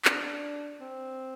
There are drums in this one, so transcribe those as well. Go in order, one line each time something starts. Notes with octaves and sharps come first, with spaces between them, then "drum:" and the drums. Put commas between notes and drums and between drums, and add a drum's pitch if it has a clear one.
D4, drum: clap
C4